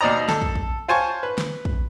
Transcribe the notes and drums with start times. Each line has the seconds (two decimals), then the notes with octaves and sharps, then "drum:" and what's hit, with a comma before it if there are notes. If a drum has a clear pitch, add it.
0.01 D#2 B2 D5 D#5 A#5
0.29 A4, drum: snare
0.42 drum: kick
0.55 drum: kick
0.88 F4 C5 G#5 A5 C#6
1.23 B4
1.38 drum: snare
1.65 drum: kick